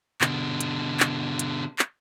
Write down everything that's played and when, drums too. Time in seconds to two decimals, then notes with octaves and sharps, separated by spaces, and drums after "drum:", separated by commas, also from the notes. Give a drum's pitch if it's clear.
0.21 B2 D3, drum: clap
0.61 drum: hi-hat
1.00 drum: clap
1.39 drum: hi-hat
1.79 drum: clap